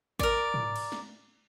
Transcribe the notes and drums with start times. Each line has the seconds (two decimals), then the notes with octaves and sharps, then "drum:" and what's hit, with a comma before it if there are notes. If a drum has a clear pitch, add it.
0.19 A#4 D5, drum: kick
0.54 drum: tom
0.76 drum: cymbal
0.92 drum: snare